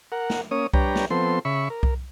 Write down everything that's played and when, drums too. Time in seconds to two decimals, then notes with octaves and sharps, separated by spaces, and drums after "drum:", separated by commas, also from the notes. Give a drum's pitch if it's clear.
0.12 A#4 F#5
0.30 drum: snare
0.51 A#3 C#4 C#5 D#6
0.74 G3 D4 B4 C#5 G5 A#5, drum: kick C2
0.95 drum: snare
1.10 F3 B3 C4 A4 C6
1.45 C#3 E5 B5 C#6
1.70 A#4
1.83 drum: kick C2